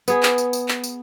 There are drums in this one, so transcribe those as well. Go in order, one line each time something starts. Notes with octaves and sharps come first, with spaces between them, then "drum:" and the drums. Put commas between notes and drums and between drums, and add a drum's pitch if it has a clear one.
B3 G#4, drum: tambourine
drum: clap
drum: tambourine
drum: tambourine
drum: clap
drum: tambourine